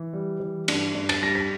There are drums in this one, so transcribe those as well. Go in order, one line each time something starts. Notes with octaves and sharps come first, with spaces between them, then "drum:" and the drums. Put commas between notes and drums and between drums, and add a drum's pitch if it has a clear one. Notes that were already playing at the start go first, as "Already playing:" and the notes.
Already playing: E3
G3
E3
G2, drum: cymbal
G2
A6, drum: cymbal
G3 A#6
B6